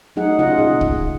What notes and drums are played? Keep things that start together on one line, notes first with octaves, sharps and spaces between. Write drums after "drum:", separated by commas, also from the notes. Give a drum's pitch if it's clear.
F#3 A3 D#4 G#4 F#5
C#3 D#4 F4 D#5 F#5
A#2 D#4 G#4
drum: kick